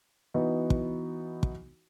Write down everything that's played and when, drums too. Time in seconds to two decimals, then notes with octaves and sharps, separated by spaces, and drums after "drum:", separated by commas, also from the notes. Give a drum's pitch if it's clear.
0.34 E3 B3 D#4 F#4
0.70 drum: kick
1.43 drum: kick